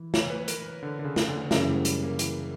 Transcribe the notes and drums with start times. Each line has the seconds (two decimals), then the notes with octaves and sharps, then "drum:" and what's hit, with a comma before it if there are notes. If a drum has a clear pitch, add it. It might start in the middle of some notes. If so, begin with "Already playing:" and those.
Already playing: E3
0.14 C#5, drum: snare
0.30 B4
0.48 A#4, drum: hi-hat
0.83 D3
0.99 D3
1.04 C#3
1.16 drum: snare
1.27 D3
1.51 F#2 C#3 E3 F#3 C#4 E4, drum: snare
1.68 G3
1.85 G3, drum: hi-hat
2.03 A#3
2.19 E3, drum: hi-hat